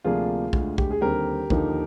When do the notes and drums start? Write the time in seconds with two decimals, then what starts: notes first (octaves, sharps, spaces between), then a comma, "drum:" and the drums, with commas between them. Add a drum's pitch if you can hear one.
0.04 D2 C3 F3 A#3 D4 F4 G#4
0.53 D2 D3 G#3, drum: kick B1
0.78 G4, drum: kick B1
0.91 G#4
1.01 D#2 D3 G3 C4 G4 A#4
1.50 D#2 D3 F3 A#3 D#4, drum: kick B1